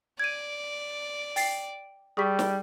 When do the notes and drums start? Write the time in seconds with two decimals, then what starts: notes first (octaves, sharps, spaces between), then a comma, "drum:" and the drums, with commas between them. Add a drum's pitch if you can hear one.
0.20 D5 G#6 D#7
1.36 G5 A6 C7, drum: open hi-hat
2.17 G3 G#4 C#6 B6
2.39 drum: snare